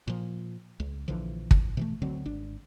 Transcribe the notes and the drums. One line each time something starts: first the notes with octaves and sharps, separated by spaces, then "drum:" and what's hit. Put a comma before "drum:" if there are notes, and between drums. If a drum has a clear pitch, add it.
A#2 F3
C#2
A#1 D3 E3 F3
drum: kick
B2 E3 A3
D2 D3 F#3 C4
G#1 D4